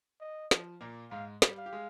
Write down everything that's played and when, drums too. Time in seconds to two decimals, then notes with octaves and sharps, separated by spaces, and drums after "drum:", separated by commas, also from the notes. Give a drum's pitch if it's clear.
0.20 D#5
0.51 F3, drum: snare
0.81 A#2 A#3
1.11 G#2 G#3 F5
1.42 G3 G4, drum: snare
1.58 F5
1.66 G4
1.73 G#3 G#4